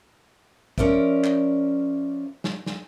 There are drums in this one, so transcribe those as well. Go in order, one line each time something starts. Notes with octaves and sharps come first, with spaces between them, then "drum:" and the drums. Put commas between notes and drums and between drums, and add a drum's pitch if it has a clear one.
F3 C#4 A#4 D5 E5, drum: kick
drum: clap
drum: snare
drum: snare